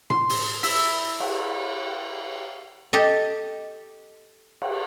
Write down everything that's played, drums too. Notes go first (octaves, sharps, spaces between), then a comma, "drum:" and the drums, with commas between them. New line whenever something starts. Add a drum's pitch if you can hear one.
C6, drum: tom A2
drum: open hi-hat
E4, drum: open hi-hat
drum: cymbal
G4 A4 D#5
drum: cymbal